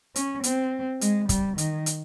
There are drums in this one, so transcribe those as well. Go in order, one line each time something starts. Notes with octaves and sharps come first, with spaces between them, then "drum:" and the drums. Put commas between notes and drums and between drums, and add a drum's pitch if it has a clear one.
C#4, drum: hi-hat
C4, drum: hi-hat
G#3, drum: hi-hat
G3, drum: kick, hi-hat
D#3, drum: hi-hat
drum: hi-hat